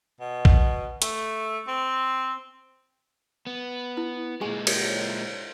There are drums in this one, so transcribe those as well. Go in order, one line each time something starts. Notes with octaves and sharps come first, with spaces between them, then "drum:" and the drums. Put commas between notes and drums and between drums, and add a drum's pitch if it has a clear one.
B2
drum: kick A#1
A3, drum: hi-hat
C4
B3
E4
A#2 G#3 G4 G#4 G#5
drum: cymbal